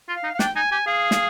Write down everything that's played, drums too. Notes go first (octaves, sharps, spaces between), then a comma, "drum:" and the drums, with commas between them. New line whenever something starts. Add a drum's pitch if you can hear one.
F4
F5
D#4
F5
D4 G5, drum: snare
D#4 G#5
G4 G#5
G#4 F5
drum: snare